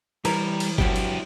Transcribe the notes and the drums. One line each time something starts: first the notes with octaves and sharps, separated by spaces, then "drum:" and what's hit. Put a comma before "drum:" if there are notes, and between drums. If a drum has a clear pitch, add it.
E3 G3 A#4 C#5, drum: cymbal
drum: cymbal
G2 F#3 G3 E4 G4, drum: kick
drum: cymbal